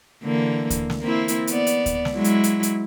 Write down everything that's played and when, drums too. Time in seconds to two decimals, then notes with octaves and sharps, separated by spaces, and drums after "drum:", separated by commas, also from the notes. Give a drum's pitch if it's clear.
0.23 D3 E3 A#3
0.70 drum: kick D2, hi-hat
0.90 drum: snare
1.02 A#3 C4 E4
1.28 drum: hi-hat
1.47 B3 D5, drum: hi-hat
1.67 drum: hi-hat
1.86 drum: kick D2, hi-hat
2.05 drum: snare
2.15 F#3 G#3 E4
2.24 drum: hi-hat
2.44 drum: hi-hat
2.63 drum: hi-hat